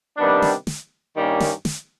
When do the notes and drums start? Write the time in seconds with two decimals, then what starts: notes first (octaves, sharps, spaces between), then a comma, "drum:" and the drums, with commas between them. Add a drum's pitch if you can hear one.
0.17 C3 D#3 G3 B3 D4
0.42 drum: snare
0.67 drum: snare
1.16 G2 D#3 G3 A#3 C#4
1.40 drum: snare
1.65 drum: snare